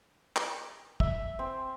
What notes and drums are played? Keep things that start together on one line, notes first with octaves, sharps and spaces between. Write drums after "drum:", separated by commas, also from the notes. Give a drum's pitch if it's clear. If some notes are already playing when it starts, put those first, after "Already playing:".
drum: clap
E5, drum: kick
C4